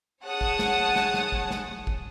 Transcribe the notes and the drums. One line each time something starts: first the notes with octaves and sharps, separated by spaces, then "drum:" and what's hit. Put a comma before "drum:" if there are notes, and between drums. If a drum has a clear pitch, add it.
G#4 C#5 F#5 A5 D#6
drum: kick
drum: snare
drum: snare
drum: snare
drum: kick
drum: snare
drum: kick